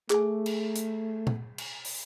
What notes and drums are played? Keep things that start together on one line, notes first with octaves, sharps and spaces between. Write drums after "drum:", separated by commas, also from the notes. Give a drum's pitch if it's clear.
A3 G#4 G#5, drum: clap
drum: cymbal
drum: hi-hat
drum: tom A#2
drum: cymbal
drum: open hi-hat